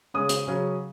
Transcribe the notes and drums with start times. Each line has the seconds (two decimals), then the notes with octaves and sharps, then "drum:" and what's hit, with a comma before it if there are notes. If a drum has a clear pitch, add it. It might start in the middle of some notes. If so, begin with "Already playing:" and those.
0.14 C#3 G#3 C#4 D#6
0.29 drum: hi-hat
0.47 C#3 F#3 C#4